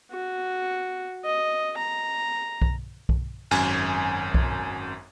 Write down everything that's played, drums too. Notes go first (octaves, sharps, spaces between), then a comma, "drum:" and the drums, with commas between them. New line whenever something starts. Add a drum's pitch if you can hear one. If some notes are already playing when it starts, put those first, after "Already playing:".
F#4
D#5
A#5
drum: kick B1
drum: kick B1
G#1 F#2 G#5, drum: cymbal
drum: kick B1